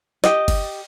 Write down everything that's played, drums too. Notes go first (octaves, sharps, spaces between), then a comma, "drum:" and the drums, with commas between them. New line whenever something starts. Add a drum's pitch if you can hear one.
G4 D#5, drum: snare
drum: kick F#1, cymbal